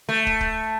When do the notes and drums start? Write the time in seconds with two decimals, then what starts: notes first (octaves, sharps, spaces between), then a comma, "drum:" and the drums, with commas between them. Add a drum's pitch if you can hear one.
0.09 A3
0.27 drum: kick
0.41 drum: kick